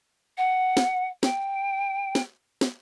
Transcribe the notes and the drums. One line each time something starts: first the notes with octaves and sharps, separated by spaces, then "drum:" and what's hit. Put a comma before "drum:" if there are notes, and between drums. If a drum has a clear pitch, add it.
F#5
drum: snare
G5, drum: snare
drum: snare
drum: snare